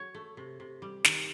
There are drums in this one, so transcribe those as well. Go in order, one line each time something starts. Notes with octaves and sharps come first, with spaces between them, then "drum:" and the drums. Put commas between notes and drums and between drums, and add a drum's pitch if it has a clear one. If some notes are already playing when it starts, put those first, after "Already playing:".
Already playing: F#3 C#5
A3
C3
C3
G3
D#3, drum: snare